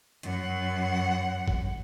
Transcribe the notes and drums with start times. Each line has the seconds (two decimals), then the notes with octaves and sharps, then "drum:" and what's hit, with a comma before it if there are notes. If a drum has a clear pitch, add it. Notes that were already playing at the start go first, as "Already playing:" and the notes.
0.23 F#2 F#5, drum: hi-hat
1.48 drum: kick G1